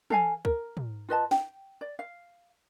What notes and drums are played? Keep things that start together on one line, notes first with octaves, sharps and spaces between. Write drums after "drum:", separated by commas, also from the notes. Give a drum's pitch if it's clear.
A4 F5 G#5, drum: tom
A#4, drum: kick
drum: tom
F4 B4 D#5 A5
G5, drum: snare
D5
F5